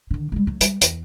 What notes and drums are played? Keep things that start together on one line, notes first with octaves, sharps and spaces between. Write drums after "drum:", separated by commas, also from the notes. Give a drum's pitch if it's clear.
D3 D#3
G3 G#3
F#3 A3
G3, drum: hi-hat
E2, drum: hi-hat